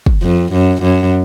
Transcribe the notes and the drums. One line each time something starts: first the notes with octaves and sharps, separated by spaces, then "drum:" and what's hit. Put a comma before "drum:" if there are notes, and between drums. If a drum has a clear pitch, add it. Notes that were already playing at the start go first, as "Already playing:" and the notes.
drum: kick
F2
F#2
F#2